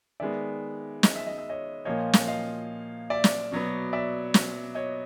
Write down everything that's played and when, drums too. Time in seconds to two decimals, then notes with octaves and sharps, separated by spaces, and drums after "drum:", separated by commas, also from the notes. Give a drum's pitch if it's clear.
0.20 D#3 G#3 B3 D5 E5
1.03 D#5, drum: snare
1.15 E5
1.27 D#5
1.38 E5
1.50 C#5 D#5
1.85 A#2 F3 A#3 C#5 D#5
2.13 drum: snare
2.27 D#5 F5
3.10 D5 E5
3.24 drum: snare
3.52 B2 F#3 B3
3.93 D5 E5
4.34 drum: snare
4.75 C#5 D#5